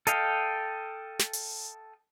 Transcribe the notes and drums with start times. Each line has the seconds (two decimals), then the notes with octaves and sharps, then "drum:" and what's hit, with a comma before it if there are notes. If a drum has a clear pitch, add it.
0.07 A4 D#5 F5 G5, drum: hi-hat
1.19 drum: snare
1.33 drum: open hi-hat